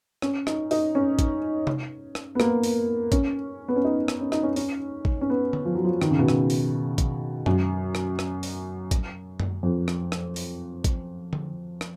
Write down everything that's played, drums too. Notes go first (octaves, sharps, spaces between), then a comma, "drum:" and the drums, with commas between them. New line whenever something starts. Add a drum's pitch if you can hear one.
C#4, drum: rim click
D#4, drum: rim click
D#4, drum: open hi-hat
C#4
drum: kick, hi-hat
drum: tom C3
drum: rim click
B3
A#3, drum: rim click
drum: open hi-hat
C#4, drum: kick, hi-hat
B3
C#4
D#4
drum: rim click
C#4
D#4, drum: rim click
C#4
C#4, drum: open hi-hat
drum: kick
C#4
B3
drum: tom D3
F3
F#3
F3
D#3, drum: rim click
C#3
B2
C#3, drum: rim click
drum: open hi-hat
drum: kick, hi-hat
F#2, drum: tom F#2
drum: rim click
drum: rim click
drum: open hi-hat
drum: kick, hi-hat
drum: tom F#2
F2
drum: rim click
drum: rim click
drum: open hi-hat
drum: kick, hi-hat
drum: tom D3
drum: rim click